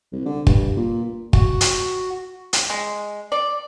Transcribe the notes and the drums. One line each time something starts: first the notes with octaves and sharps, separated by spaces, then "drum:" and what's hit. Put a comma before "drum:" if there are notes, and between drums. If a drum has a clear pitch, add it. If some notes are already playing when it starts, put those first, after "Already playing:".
C2
D3
G2, drum: kick
A#2
F#4, drum: kick
drum: hi-hat
drum: hi-hat
G#3
D5